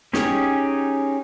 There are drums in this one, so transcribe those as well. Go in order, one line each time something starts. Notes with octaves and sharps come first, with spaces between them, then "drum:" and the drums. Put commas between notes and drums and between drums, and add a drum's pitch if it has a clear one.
C#4 D#4 G4 G#4 C#5, drum: snare